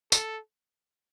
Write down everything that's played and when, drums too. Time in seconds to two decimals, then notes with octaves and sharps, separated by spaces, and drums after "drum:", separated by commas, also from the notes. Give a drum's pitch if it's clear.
0.12 A4, drum: tambourine